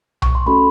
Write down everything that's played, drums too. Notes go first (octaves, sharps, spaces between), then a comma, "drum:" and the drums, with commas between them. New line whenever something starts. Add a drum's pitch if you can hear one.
C#6, drum: tom B1
C6
A3 C#4 F#4 A4 B5